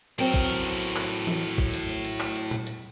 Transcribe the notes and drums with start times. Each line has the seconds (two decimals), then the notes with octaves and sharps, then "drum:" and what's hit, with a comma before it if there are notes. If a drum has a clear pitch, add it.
0.19 A2 F#3 C4 A#4, drum: hi-hat
0.34 drum: kick A1, hi-hat
0.50 drum: hi-hat
0.65 drum: hi-hat
0.96 drum: clap
1.27 drum: tom E3
1.58 drum: kick A1, hi-hat
1.74 drum: hi-hat
1.89 drum: hi-hat
2.05 drum: hi-hat
2.20 drum: clap
2.36 drum: hi-hat
2.51 drum: tom A#2
2.67 drum: hi-hat